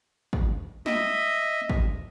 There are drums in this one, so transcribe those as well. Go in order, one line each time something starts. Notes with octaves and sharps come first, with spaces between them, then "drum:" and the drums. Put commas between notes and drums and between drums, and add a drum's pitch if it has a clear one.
drum: kick
D#5 E5, drum: snare
drum: kick